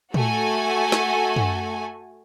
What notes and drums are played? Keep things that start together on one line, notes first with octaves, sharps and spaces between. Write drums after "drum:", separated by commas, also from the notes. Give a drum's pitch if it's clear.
A3 F#4 A4 G#5, drum: tom
drum: snare
drum: tom F#2